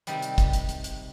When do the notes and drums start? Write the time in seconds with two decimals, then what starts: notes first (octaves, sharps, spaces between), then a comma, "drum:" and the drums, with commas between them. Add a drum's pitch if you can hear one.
0.07 C3 D#3 G3, drum: hi-hat
0.22 drum: hi-hat
0.38 drum: kick, hi-hat
0.53 drum: hi-hat
0.69 drum: hi-hat
0.84 drum: hi-hat